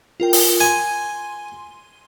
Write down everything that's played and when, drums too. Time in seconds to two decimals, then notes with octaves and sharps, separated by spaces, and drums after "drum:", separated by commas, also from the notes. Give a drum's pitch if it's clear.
0.20 F4 A#4 G5
0.33 drum: open hi-hat
0.60 G#5 C6 D#7